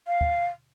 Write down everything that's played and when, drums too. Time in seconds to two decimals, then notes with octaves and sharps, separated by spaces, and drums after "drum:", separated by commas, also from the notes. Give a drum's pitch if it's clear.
0.07 F5
0.21 drum: kick